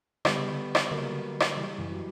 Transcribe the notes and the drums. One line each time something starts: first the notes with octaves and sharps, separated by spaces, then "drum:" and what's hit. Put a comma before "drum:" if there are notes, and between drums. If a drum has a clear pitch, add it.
D3 G3 B3, drum: rim click
C#3
D3
drum: rim click
D3 F#3 A#3
C#3
D3
drum: rim click
C#3 E3 G3
F#2 E3
F#3